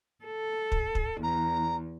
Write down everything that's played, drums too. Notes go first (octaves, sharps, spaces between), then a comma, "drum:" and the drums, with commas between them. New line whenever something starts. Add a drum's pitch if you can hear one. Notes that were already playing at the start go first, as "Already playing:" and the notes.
A4
drum: kick
drum: kick
E2 A#5